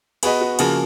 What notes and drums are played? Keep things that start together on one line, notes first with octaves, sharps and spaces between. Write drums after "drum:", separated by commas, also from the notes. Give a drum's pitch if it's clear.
B3 F#4 G#4 B4 D#5, drum: cymbal
F#4
C#3 F3 A#3 G#4, drum: cymbal